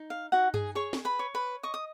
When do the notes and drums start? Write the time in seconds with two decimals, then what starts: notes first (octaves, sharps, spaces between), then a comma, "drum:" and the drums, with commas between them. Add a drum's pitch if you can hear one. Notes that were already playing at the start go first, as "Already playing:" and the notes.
Already playing: D#4
0.10 F5
0.32 D#4 F#4 F#5
0.54 G#4 G#5, drum: tom G2
0.75 G#4 C#5 C#6
0.93 drum: snare
1.05 B4 B5
1.19 C#5
1.35 B4 B5
1.63 D#5 C#6
1.74 D#6